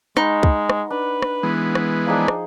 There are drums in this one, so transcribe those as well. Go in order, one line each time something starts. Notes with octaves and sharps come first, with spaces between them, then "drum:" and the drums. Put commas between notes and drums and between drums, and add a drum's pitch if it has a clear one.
G#3 D#4 F#5 B5 C#6, drum: rim click
drum: kick
drum: rim click
D4 B4
drum: rim click
E3 G#3 B3
drum: rim click
F3 D4 D#4 G#4
drum: rim click